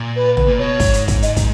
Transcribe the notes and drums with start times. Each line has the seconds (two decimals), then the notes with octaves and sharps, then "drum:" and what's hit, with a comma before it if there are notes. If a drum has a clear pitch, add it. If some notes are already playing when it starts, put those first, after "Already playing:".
Already playing: A#2
0.16 B4
0.37 B2 B4, drum: tom
0.48 A#2
0.59 B2 C#5
0.80 G#2, drum: kick, open hi-hat
0.94 drum: hi-hat
1.08 drum: kick, hi-hat
1.22 D#5, drum: hi-hat
1.37 drum: kick, hi-hat